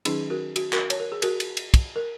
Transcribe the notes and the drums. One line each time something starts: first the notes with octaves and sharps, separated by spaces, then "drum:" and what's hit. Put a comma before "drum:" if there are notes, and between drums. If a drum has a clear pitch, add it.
D#3 F#3 C#4 D#4 G#4, drum: cymbal
F#4 A#4
F#4, drum: cymbal
F#4 A#4, drum: clap
C#5, drum: cymbal
A#4
G#4
F#4 A#4, drum: cymbal
drum: cymbal
drum: cymbal
drum: kick, cymbal
A#4